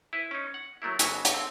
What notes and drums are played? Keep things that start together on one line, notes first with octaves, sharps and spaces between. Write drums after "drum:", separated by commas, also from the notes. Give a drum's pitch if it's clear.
E4 B4 C5
C#4 D#4
F#5
F#3 A3 A#3 E4
F2 C#3 F#3 A#3 B3 F#4, drum: hi-hat
drum: hi-hat
C4